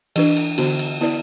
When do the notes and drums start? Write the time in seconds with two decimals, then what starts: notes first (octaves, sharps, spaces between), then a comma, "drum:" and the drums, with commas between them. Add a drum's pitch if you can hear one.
0.16 E3 D4 B4, drum: cymbal
0.37 drum: cymbal
0.58 D3 B3 F#4, drum: cymbal
0.79 drum: cymbal
1.01 B3 E4 B4 D5